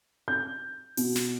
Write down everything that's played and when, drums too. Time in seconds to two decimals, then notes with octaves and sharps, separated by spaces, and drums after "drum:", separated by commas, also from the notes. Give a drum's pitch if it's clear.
0.28 G6
0.97 B2, drum: open hi-hat
1.16 drum: snare